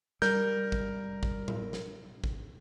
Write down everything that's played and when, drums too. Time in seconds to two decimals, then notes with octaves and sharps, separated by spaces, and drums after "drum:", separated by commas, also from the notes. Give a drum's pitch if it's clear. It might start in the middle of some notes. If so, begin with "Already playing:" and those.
0.22 G3 A#4 G6, drum: snare
0.72 drum: kick G#1
1.23 drum: kick G#1
1.48 drum: tom A2
1.73 drum: snare
2.24 drum: kick G#1